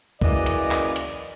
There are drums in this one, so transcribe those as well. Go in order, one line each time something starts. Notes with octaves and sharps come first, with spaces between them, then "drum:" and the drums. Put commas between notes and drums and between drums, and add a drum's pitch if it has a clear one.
F#2 C#3 E3 A#3 D5 D#5, drum: kick C#2
drum: hi-hat
drum: clap
drum: hi-hat